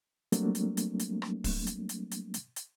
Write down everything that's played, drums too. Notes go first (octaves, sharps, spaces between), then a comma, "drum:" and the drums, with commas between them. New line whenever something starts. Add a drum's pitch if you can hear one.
F#3 G3 A3 A#3 C4 D4, drum: hi-hat
drum: hi-hat
drum: hi-hat
drum: hi-hat
drum: rim click
drum: kick, open hi-hat
drum: hi-hat
drum: hi-hat
drum: hi-hat
drum: hi-hat
drum: hi-hat